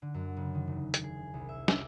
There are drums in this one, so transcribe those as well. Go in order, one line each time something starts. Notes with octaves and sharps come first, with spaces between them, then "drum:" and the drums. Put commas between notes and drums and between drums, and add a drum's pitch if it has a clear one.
D3
F#2
C#3
D#3
E1
drum: hi-hat
G#4
C2
E5
D5, drum: snare